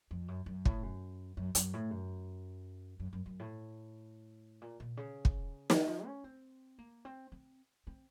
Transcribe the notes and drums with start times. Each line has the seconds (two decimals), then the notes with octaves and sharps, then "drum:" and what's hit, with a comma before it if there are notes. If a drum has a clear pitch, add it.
0.11 F2
0.28 F#2
0.46 F#2
0.65 A2, drum: kick
0.83 F#2
1.37 F#2
1.55 F#2, drum: hi-hat
1.74 A2
1.91 F#2
3.00 F#2
3.13 F#2
3.26 F#2
3.40 A2
4.62 A#2
4.80 A#2
4.97 C#3
5.25 drum: kick
5.70 D#3, drum: snare
5.88 F3
6.06 C#4
6.24 C4
6.78 A#3
7.05 C4
7.32 C4
7.87 C4